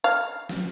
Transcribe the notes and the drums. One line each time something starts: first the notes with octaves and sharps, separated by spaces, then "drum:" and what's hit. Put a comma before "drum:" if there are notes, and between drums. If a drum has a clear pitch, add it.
F5
drum: snare